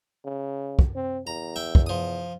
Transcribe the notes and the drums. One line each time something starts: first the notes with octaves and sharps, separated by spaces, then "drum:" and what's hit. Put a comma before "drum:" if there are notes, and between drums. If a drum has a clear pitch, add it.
C#3
drum: kick
C4
E2 A#5
E5 G5
drum: kick
F3 D#6